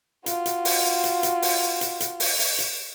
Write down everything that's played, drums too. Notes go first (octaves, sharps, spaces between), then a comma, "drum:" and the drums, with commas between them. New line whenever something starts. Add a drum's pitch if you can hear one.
F4 F#4, drum: hi-hat
drum: hi-hat
drum: open hi-hat
drum: hi-hat
drum: hi-hat
drum: open hi-hat
drum: hi-hat
drum: hi-hat
drum: open hi-hat
drum: open hi-hat
drum: hi-hat